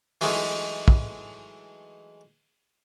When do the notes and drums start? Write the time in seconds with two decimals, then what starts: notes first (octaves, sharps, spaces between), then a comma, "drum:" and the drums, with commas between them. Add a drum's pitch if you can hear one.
0.21 E3 F#3 G#3 A3 D#4, drum: open hi-hat
0.88 drum: kick